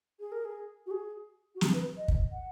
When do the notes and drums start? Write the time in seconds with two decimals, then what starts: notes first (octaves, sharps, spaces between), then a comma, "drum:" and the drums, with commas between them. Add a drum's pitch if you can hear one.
0.20 G#4
0.32 A#4
0.45 G#4
0.86 F#4
0.91 G#4
1.55 F#4
1.61 G#4, drum: snare
1.73 B4
1.97 D#5
2.08 drum: kick
2.32 F#5